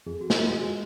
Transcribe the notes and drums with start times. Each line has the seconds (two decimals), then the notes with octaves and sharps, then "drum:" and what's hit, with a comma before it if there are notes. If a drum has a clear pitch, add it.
0.06 F2 G#4
0.21 F#4
0.30 G#3 F4, drum: snare
0.49 G#3 F#4